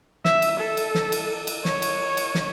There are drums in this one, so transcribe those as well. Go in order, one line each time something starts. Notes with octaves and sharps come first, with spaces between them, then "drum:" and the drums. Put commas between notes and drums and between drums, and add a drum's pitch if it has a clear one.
E5, drum: snare
drum: cymbal
A4
drum: cymbal
drum: snare
drum: cymbal
drum: cymbal
C#5, drum: snare
drum: cymbal
drum: cymbal
drum: snare